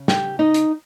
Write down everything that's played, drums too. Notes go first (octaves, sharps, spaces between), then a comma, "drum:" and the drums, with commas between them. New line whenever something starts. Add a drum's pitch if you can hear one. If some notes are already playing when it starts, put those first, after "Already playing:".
Already playing: C#3
G4 G5, drum: snare
D#4 D#5
drum: hi-hat